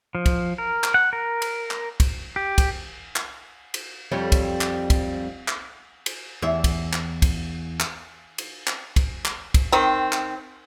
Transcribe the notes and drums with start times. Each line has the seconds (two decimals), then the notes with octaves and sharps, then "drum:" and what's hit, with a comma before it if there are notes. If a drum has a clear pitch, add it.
0.15 F3
0.26 drum: kick, cymbal
0.58 A#4
0.84 drum: clap
0.94 F#5
1.13 A#4
1.42 drum: cymbal
1.71 drum: clap
2.00 drum: kick, cymbal
2.36 G4
2.58 drum: kick, cymbal
3.16 drum: clap
3.74 drum: cymbal
4.12 F2 G3 C#5
4.32 drum: kick, cymbal
4.61 drum: clap
4.90 drum: kick, cymbal
5.48 drum: clap
6.06 drum: cymbal
6.42 E2 E5
6.64 drum: kick, cymbal
6.93 drum: clap
7.22 drum: kick, cymbal
7.80 drum: clap
8.38 drum: cymbal
8.67 drum: clap
8.96 drum: kick, cymbal
9.25 drum: clap
9.54 drum: kick, cymbal
9.72 D#3 C4
10.12 drum: clap